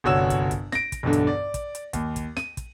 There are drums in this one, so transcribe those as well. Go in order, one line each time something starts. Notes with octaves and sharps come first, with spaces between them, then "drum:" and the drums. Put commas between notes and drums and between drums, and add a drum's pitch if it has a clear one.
G1 C2 F#4 C#5 E6 E7
drum: kick, hi-hat
drum: kick, hi-hat
A#6 D7, drum: snare
drum: kick, hi-hat
B1 E2 G2 D3
drum: hi-hat
D5
drum: kick, hi-hat
drum: hi-hat
D#2, drum: kick, hi-hat
drum: kick, hi-hat
D#7, drum: snare
drum: kick, hi-hat